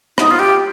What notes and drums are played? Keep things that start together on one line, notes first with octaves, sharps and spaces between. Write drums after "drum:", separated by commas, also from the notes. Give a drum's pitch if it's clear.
D#4, drum: rim click
F4
G4